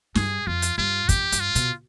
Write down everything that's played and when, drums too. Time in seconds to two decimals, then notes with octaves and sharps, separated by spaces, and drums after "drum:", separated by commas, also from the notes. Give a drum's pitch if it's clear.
0.15 G2 G#4, drum: snare
0.47 F2 F4
0.62 drum: hi-hat
0.78 G2 F4
1.09 F2 G4, drum: kick, hi-hat
1.32 G2, drum: hi-hat
1.40 F4
1.55 B2, drum: hi-hat